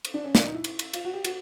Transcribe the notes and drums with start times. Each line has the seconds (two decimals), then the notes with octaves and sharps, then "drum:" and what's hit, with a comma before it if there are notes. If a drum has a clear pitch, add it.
0.05 drum: cymbal
0.14 D4
0.24 C#4
0.35 D4, drum: snare
0.44 D#4
0.54 E4
0.64 drum: cymbal
0.79 drum: cymbal
0.93 F4, drum: cymbal
1.05 F#4
1.13 G4
1.25 F#4, drum: cymbal